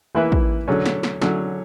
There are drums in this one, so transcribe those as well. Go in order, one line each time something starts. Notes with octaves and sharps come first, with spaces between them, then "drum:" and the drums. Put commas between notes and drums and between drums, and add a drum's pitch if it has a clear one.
E3 A#3 E4 B4
drum: kick
D3 F#3 C#4
drum: snare
drum: snare
D3 F#3 C#4, drum: snare